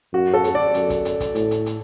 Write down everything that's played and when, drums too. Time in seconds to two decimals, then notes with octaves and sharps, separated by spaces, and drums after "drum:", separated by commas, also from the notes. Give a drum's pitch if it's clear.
0.13 F#2 F#4
0.34 A4
0.44 drum: hi-hat
0.55 D5
0.74 F#2, drum: hi-hat
0.90 drum: kick, hi-hat
1.05 drum: hi-hat
1.20 drum: kick, hi-hat
1.35 A2, drum: hi-hat
1.51 drum: hi-hat
1.66 drum: hi-hat